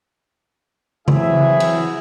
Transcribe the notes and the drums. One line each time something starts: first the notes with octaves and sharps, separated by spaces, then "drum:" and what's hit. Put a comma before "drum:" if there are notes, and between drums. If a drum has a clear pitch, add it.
E3 F#3 C4 E4 G#4 E5, drum: tom C#3
drum: cymbal